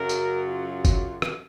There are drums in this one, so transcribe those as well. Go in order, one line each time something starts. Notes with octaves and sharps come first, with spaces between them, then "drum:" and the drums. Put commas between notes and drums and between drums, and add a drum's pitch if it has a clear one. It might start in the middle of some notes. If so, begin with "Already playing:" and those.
Already playing: F#2 C#3 F#3 A#4
drum: tambourine
F4
drum: kick, tambourine
drum: rim click